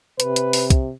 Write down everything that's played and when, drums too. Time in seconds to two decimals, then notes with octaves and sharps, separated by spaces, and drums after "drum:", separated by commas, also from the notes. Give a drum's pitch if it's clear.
0.20 C3 B4, drum: hi-hat
0.36 drum: hi-hat
0.53 drum: open hi-hat
0.70 drum: kick, hi-hat